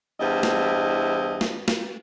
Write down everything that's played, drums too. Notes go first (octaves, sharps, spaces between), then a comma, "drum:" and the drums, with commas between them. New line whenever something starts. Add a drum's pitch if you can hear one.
E2 G2 E4 C5 D#5
drum: snare
drum: snare
drum: snare